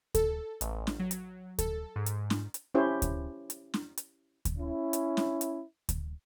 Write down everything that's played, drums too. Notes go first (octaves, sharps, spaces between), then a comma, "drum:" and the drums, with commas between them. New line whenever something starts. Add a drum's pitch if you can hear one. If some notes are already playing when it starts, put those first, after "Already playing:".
A4, drum: kick D2, hi-hat
A1, drum: hi-hat
drum: snare
F#3
drum: hi-hat
A4, drum: kick D2, hi-hat
G#2
drum: hi-hat
drum: snare
drum: hi-hat
C#4 E4 G4 C5 C#5
drum: kick D2, hi-hat
drum: hi-hat
drum: snare
drum: hi-hat
drum: kick D2, hi-hat
C#4 E4
drum: hi-hat
drum: snare
drum: hi-hat
drum: kick D2, hi-hat